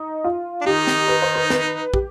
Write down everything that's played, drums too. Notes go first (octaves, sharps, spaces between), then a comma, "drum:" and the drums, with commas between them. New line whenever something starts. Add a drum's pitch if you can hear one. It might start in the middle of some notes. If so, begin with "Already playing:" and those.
Already playing: D#4
F4
D4
D#3 D#4 G4
drum: snare
B4
C5
B4
B4, drum: snare
G4, drum: kick